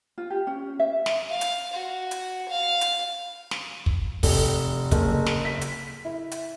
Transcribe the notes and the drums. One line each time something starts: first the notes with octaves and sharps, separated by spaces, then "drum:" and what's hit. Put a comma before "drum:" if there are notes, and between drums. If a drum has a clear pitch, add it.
F4
G4
C#4
E5
drum: snare
F5
drum: hi-hat
F#4
drum: hi-hat
F5
drum: hi-hat
drum: snare
drum: kick
F1, drum: kick, open hi-hat
F#1, drum: kick, hi-hat
drum: snare
B6
drum: hi-hat
E4
drum: hi-hat